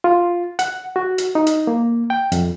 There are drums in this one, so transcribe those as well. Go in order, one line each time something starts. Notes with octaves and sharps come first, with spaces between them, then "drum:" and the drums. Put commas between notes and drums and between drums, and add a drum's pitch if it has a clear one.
F4
F#5, drum: hi-hat
F#4
drum: hi-hat
D#4
drum: hi-hat
A#3
G5
F2, drum: hi-hat